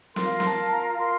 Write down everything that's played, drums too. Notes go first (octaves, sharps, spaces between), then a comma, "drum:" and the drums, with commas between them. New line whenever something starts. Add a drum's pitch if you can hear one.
F4 A#4 C6, drum: snare
A#5, drum: snare
A5
A#5
A#5
F4 A#4 C6